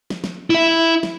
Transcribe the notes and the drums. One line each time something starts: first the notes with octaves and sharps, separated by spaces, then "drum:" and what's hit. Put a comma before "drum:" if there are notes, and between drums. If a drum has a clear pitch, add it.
drum: snare
drum: snare
E4 E5
drum: snare